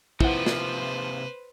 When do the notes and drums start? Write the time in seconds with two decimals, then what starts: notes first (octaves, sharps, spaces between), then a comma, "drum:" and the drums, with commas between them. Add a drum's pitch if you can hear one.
0.21 C3 F3 A#3 D#4 E4 B4 C5 F#5, drum: kick
0.46 drum: snare